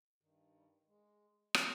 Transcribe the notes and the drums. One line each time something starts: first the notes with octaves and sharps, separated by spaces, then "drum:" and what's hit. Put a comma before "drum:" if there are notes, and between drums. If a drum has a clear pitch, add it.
G2 D#3
G3
G#3
D#3, drum: rim click